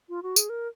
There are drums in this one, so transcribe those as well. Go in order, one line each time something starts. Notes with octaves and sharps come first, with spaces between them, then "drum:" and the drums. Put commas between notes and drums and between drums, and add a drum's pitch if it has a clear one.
F4
F#4
G#4, drum: tambourine
A#4